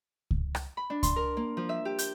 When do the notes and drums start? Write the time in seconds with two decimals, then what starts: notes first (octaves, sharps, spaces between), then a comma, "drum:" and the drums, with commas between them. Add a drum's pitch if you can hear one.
0.31 drum: kick C#2
0.55 drum: rim click
0.77 B5
0.90 D4
1.03 C6, drum: kick C#2, hi-hat
1.16 A#4
1.37 A#3
1.57 F3
1.69 E5
1.85 G4
1.98 G6, drum: hi-hat